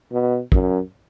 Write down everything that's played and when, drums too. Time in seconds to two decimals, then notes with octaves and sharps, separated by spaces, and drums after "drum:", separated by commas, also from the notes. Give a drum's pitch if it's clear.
0.12 B2
0.52 F#2, drum: kick